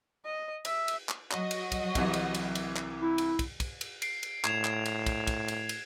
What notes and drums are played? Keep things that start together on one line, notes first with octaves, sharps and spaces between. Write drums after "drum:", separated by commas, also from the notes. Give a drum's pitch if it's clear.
D#5
E5, drum: cymbal
drum: cymbal
drum: clap
F#3 F#4 D#5, drum: clap
drum: cymbal
drum: kick, cymbal
C2 C3 E3, drum: kick, cymbal
drum: cymbal
drum: cymbal
drum: cymbal
drum: clap
E4
drum: cymbal
drum: kick, cymbal
drum: kick, cymbal
drum: cymbal
C7 D7, drum: cymbal
drum: cymbal
A2 G#6 E7 F7, drum: clap
drum: clap
drum: cymbal
drum: kick, cymbal
drum: kick, cymbal
drum: cymbal
drum: cymbal